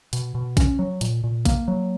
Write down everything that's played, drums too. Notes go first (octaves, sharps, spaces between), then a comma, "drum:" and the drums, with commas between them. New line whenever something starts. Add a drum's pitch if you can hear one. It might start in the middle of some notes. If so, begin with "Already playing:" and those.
B2, drum: hi-hat
B2
C#4, drum: kick, hi-hat
F#3
A#2, drum: hi-hat
A#2
A#3, drum: kick, hi-hat
F#3